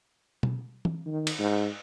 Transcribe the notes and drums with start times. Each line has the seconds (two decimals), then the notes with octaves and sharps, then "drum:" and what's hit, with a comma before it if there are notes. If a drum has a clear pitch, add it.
0.43 drum: tom
0.85 drum: tom E3
1.06 D#3
1.27 drum: cymbal
1.39 G#2